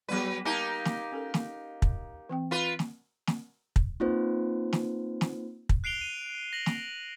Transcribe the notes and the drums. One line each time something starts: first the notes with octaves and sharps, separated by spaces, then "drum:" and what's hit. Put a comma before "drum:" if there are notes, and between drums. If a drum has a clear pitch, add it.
F#3 G3 B3 G#4 B4
A#3 D#4 G4 A5
drum: snare
C#4 A4 A#4
drum: snare
drum: kick
E3 C4 G5
F4 B4
drum: snare
drum: snare
drum: kick
A#3 C4 D#4 F4 B4 C5
drum: snare
drum: snare
drum: kick
F#6 C7 D7 F7 G7
D#7
A#6 F#7
drum: snare